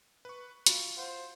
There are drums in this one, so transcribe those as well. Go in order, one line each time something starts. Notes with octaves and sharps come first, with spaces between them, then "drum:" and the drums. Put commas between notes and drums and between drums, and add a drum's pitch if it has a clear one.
B4 C#6
F4 F#4 B5, drum: hi-hat
C5 F5 F#5